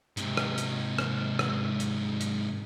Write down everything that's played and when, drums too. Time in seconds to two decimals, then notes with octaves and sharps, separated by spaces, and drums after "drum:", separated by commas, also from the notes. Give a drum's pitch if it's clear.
0.17 G#2 C3, drum: hi-hat
0.37 drum: rim click
0.58 drum: hi-hat
0.99 drum: rim click
1.39 drum: rim click
1.80 drum: hi-hat
2.21 drum: hi-hat